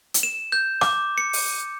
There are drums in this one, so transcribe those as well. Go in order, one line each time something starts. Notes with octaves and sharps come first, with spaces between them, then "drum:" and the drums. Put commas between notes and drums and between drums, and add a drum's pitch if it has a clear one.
drum: hi-hat
E7
G6
D6, drum: rim click
C#7
drum: open hi-hat